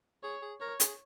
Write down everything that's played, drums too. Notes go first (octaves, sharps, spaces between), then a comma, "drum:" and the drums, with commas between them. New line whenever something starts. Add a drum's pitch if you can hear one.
G#4 C#5
G#4
A#4 C#5
G#4, drum: hi-hat